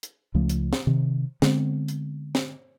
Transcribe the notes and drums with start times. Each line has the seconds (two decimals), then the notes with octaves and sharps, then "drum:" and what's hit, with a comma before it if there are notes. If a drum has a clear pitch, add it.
0.03 drum: hi-hat
0.34 C#2 C#3 F3 A3
0.49 drum: hi-hat
0.73 drum: snare
0.87 C3 D#3
1.42 D3 G#3 B3 C4, drum: snare
1.88 drum: hi-hat
2.35 drum: snare